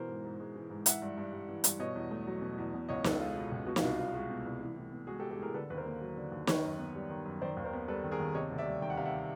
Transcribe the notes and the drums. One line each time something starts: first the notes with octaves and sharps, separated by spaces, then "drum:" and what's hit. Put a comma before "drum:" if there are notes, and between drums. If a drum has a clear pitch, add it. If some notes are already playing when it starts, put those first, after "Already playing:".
Already playing: B2 E3 A#4 C5
G#2
G#2
G#3
E3
G#2
E3 E5 F#5, drum: hi-hat
G2
G2
G3
E3
G2, drum: hi-hat
B2 C#5 D#5
E2
A3
F#3
B2
E2
B2
C#2 C#5 D#5
C#2 A4 B4, drum: snare
G#3 F4
B2
C#2
B2 F#4
F4, drum: snare
C2 F#4
B3 F4
G#3 F#4
B2
C2
E3
A2
B3
G#3 F#4 G#4
G4 A4
E3
G4 A4
A2 G#4 A#4
D3 A4 B4
D#2 B4
A#4 C5
A#3
F#3
D3
D#2
D#3 B4 C#5, drum: snare
F#2
B3
G3
D#3
F#2
D#3 C5 D5
D#2
A#4 C5
B3
G3 A4 B4
D#3
G#4 A#4
D#2
C3 C#5 D#5
D2
D5 E5
G3
D#3 G5
F#5
C3 F5
E5 F#5